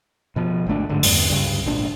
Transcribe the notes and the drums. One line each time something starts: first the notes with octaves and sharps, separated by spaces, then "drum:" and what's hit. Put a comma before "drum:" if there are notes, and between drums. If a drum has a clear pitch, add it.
B2 F3
G#1 D2 A3 D4
G#2 D3
E2 G2, drum: open hi-hat
C#2 G2 C#3
G#1 A#2 D4